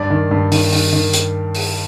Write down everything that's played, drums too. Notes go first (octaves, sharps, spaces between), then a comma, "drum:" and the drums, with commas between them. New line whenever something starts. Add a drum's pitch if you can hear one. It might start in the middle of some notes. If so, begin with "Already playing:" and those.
Already playing: G2 D5
D#3
G2
D#3, drum: open hi-hat
D#3, drum: open hi-hat
D#3
drum: hi-hat
drum: open hi-hat